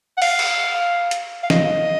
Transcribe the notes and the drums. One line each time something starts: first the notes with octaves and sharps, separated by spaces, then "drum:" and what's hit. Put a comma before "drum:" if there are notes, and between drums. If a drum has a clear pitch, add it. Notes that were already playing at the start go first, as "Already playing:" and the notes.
F#5
F5, drum: open hi-hat
drum: cymbal
drum: hi-hat
F5
D#5, drum: snare